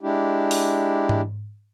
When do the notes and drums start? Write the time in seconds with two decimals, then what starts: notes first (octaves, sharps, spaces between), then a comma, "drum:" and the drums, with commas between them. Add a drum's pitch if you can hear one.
0.01 G#3 D4 E4 G4
0.51 drum: open hi-hat
1.09 drum: tom G#2